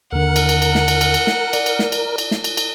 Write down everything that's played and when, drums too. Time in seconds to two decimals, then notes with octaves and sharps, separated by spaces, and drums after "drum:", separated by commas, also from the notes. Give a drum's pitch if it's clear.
0.12 D#2 D3 A#4 F#5
0.36 drum: cymbal
0.49 drum: cymbal
0.62 drum: cymbal
0.75 drum: snare
0.88 drum: cymbal
1.01 drum: cymbal
1.14 drum: cymbal
1.27 drum: snare
1.53 D5, drum: cymbal
1.66 drum: cymbal
1.79 drum: snare
1.92 drum: cymbal
2.18 drum: cymbal
2.31 drum: snare
2.44 drum: cymbal
2.57 drum: cymbal